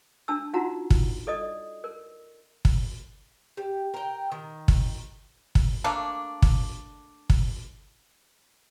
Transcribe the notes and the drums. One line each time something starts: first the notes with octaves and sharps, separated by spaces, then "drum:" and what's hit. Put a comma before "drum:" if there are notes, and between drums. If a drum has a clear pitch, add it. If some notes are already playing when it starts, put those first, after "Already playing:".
D4 A5 E6
D#4 F4 F#4 F#5 A#5
drum: kick
A4 D5 D#5 D#6
A#4
drum: kick
G4
A#4 G5
D#3
drum: kick
drum: kick
A3 A#3 D4
drum: kick
drum: kick